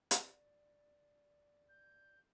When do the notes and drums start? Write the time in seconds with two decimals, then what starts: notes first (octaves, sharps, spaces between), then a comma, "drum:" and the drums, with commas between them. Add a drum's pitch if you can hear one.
0.11 D5, drum: hi-hat
1.69 G6